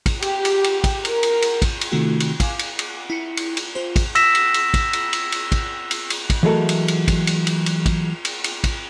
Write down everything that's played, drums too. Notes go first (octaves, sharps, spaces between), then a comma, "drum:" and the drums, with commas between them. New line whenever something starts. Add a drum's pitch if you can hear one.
drum: kick, cymbal
G4, drum: cymbal
drum: cymbal
drum: cymbal
drum: kick, cymbal
A#4, drum: cymbal
drum: cymbal
drum: cymbal
drum: kick, cymbal
drum: cymbal
C3 D#3 A3 F4 F#4
drum: cymbal
F5 G#5 D6, drum: kick, cymbal
drum: cymbal
drum: cymbal
E4 C#7
drum: cymbal
drum: cymbal
F4 C5
drum: kick, cymbal
E6 A#6 B6 E7, drum: cymbal
drum: cymbal
drum: cymbal
drum: kick, cymbal
drum: cymbal
drum: cymbal
drum: cymbal
drum: kick, cymbal
drum: cymbal
drum: cymbal
drum: kick, cymbal
E3 F#3 G#3 A3 A4 A#4
drum: cymbal
drum: cymbal
drum: kick, cymbal
drum: cymbal
drum: cymbal
drum: cymbal
drum: kick, cymbal
drum: cymbal
drum: cymbal
drum: kick, cymbal